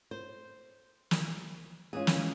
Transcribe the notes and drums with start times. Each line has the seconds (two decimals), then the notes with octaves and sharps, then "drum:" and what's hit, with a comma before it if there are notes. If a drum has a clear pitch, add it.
0.11 C5
1.11 drum: snare
1.93 E3 G#3 C#4 F4 G#4
2.07 drum: snare